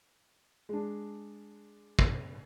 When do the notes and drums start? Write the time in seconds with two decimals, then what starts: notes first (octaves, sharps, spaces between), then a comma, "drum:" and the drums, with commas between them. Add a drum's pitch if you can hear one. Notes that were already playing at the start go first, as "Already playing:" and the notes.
0.69 G#3 D4
1.99 drum: kick